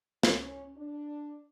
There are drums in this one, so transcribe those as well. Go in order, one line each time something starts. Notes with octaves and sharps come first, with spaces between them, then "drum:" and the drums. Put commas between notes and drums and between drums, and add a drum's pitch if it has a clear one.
C#4, drum: snare
D4